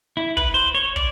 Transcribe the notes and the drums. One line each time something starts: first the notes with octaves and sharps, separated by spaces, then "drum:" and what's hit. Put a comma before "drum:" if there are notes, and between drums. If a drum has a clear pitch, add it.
E4
B4, drum: kick
C5
C#5
D5, drum: kick